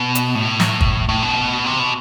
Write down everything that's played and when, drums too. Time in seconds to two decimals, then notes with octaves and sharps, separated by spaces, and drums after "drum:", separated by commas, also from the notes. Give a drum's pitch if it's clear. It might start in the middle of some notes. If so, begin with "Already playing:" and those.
Already playing: B2
0.15 drum: hi-hat
0.35 A2
0.60 drum: snare
0.81 drum: kick
1.09 A2
1.22 B2
1.66 C3
1.79 B2